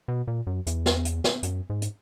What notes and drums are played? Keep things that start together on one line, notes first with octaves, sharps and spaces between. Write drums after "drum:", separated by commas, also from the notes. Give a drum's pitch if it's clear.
B2
A#2
F#2
E2, drum: hi-hat
drum: snare
drum: hi-hat
drum: snare
F#2, drum: hi-hat
G#2
drum: hi-hat